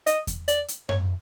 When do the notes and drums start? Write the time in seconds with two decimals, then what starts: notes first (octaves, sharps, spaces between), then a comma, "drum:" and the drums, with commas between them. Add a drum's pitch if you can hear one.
0.07 D#5, drum: hi-hat
0.27 drum: kick E2, hi-hat
0.48 D5, drum: hi-hat
0.68 drum: hi-hat
0.89 C#5, drum: tom F#2